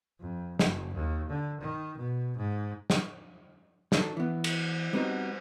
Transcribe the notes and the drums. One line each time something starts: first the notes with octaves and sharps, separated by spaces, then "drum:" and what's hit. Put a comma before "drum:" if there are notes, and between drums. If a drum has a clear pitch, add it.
F2
F#1, drum: snare
D#2
D3
D#3
B2
G#2
drum: snare
D#3 F#3 D4 A4, drum: snare
E3 B3
drum: cymbal
G3 B3 C4 D#4 F#4